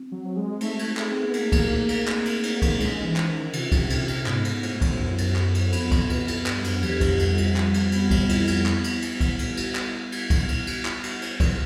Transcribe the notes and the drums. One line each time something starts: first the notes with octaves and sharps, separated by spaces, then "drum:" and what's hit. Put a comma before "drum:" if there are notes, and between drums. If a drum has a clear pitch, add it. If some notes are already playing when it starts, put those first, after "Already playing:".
Already playing: C4
F#3
C5
G#3
A3 D#4, drum: cymbal
drum: cymbal
G#4, drum: clap
C4
B3
A3 A#3, drum: cymbal
drum: kick, cymbal
A3
drum: cymbal
C4, drum: clap
drum: cymbal
D#4, drum: cymbal
drum: kick, cymbal
G#3 C#4, drum: cymbal
E3
C5, drum: clap
D#3
C3 F4, drum: cymbal
C3, drum: kick, cymbal
C3 A4, drum: cymbal
C3, drum: cymbal
G#2 B3, drum: clap
drum: cymbal
A2 C5, drum: cymbal
drum: kick, cymbal
F#2 E4
drum: cymbal
A4, drum: clap
drum: cymbal
F2 B3, drum: cymbal
drum: kick, cymbal
F2 B4, drum: cymbal
drum: cymbal
G2 D4, drum: clap
F#2, drum: cymbal
E2 G4, drum: cymbal
F2, drum: kick, cymbal
G3, drum: cymbal
drum: cymbal
G3, drum: clap
drum: cymbal
B3, drum: cymbal
drum: kick, cymbal
E4, drum: cymbal
drum: cymbal
B3, drum: clap
drum: cymbal
drum: cymbal
drum: kick, cymbal
drum: cymbal
drum: cymbal
drum: clap
drum: cymbal
drum: kick, cymbal
drum: cymbal
drum: cymbal
drum: clap
drum: cymbal
drum: cymbal
drum: kick, cymbal